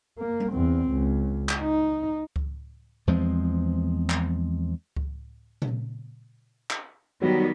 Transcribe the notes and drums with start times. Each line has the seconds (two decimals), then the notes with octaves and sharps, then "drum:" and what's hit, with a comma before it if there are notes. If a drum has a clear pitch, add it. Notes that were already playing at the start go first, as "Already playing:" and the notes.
0.18 A#3
0.40 drum: tom G3
0.52 E2 C4
0.91 C#2
1.49 drum: clap
1.61 D#4
2.36 drum: kick C#2
3.07 E2 F3 G#3 C4
4.10 drum: clap
4.96 drum: kick C#2
5.62 drum: tom A#2
6.70 drum: clap
7.22 D#3 F#3 G3 B3